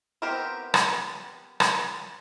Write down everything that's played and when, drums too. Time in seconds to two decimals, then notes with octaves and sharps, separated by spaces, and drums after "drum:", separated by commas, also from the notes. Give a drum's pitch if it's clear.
0.22 B3 C4 G4 A#4 C5
0.74 drum: rim click
1.60 drum: rim click